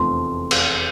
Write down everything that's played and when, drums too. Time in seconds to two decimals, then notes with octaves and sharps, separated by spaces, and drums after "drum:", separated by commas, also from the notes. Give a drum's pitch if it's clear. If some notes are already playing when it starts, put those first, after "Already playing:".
Already playing: F1 E2 C3 F3 A3 C6
0.51 drum: cymbal